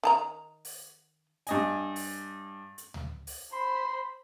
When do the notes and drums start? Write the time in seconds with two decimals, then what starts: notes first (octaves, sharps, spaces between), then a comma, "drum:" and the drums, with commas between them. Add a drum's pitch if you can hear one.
0.03 D#3 A5 A#5
0.65 drum: open hi-hat
1.47 G2 D#5 G#5, drum: hi-hat
1.96 drum: open hi-hat
2.78 drum: hi-hat
2.94 drum: tom C#2
3.27 drum: open hi-hat
3.53 C5 B5 C6